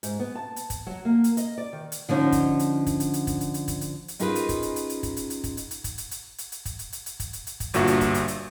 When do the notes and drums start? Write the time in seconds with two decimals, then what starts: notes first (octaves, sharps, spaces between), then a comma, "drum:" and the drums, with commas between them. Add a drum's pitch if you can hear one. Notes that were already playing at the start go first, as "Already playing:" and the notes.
0.03 G#2, drum: hi-hat
0.20 B3
0.35 A5
0.56 drum: hi-hat
0.70 drum: kick, hi-hat
0.87 F#3
1.05 A#3
1.24 drum: hi-hat
1.37 D#5, drum: hi-hat
1.58 D5
1.73 D#3
1.92 drum: hi-hat
2.09 D3 F3 C#4 D#4
2.32 drum: kick, hi-hat
2.59 drum: hi-hat
2.86 drum: kick, hi-hat
3.00 drum: hi-hat
3.14 drum: hi-hat
3.27 drum: kick, hi-hat
3.41 drum: hi-hat
3.54 drum: hi-hat
3.68 drum: kick, hi-hat
3.81 drum: hi-hat
4.08 drum: hi-hat
4.20 C#4 D#4 F4 G#4 A#4 B4, drum: hi-hat
4.35 drum: hi-hat
4.49 drum: kick, hi-hat
4.62 drum: hi-hat
4.76 drum: hi-hat
4.90 drum: hi-hat
5.03 drum: kick, hi-hat
5.17 drum: hi-hat
5.30 drum: hi-hat
5.44 drum: kick, hi-hat
5.57 drum: hi-hat
5.71 drum: hi-hat
5.84 drum: kick, hi-hat
5.98 drum: hi-hat
6.11 drum: hi-hat
6.38 drum: hi-hat
6.52 drum: hi-hat
6.65 drum: kick, hi-hat
6.79 drum: hi-hat
6.93 drum: hi-hat
7.06 drum: hi-hat
7.20 drum: kick, hi-hat
7.33 drum: hi-hat
7.47 drum: hi-hat
7.60 drum: kick, hi-hat
7.74 G1 G2 A#2 F#4 E5 C#6, drum: hi-hat
7.87 drum: hi-hat
8.01 drum: kick, hi-hat
8.14 drum: hi-hat
8.28 drum: hi-hat